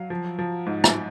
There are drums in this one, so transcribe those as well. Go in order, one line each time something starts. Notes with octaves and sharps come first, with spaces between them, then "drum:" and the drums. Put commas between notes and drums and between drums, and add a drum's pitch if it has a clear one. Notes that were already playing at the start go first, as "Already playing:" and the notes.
Already playing: F#3 F5
F3
F3
G#2
drum: rim click